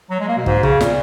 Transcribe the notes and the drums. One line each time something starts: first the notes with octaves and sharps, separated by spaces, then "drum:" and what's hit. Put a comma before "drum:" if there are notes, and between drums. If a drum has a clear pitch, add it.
F#3
G#3
A#3
B2
G#2, drum: kick
C#3, drum: kick
A#2, drum: snare